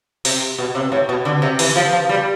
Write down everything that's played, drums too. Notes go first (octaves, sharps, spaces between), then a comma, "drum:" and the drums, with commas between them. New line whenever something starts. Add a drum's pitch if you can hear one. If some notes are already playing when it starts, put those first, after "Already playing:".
C3, drum: open hi-hat
B2
C3
A2
B2
D3
C3
E3, drum: open hi-hat
F3
F3
G3